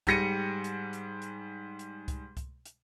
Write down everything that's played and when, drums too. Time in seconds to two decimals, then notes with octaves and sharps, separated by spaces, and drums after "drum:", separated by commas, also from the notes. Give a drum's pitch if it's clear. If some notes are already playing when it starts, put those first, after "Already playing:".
0.07 G#2 G3 A#6 C#7 D#7, drum: kick C2, hi-hat
0.64 drum: hi-hat
0.93 drum: hi-hat
1.22 drum: hi-hat
1.79 drum: hi-hat
2.08 drum: kick C2, hi-hat
2.37 drum: kick C2, hi-hat
2.65 drum: hi-hat